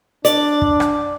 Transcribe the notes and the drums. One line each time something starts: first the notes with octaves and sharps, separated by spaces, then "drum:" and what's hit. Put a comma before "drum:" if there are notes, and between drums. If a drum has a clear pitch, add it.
D4 D5, drum: hi-hat
drum: kick
drum: rim click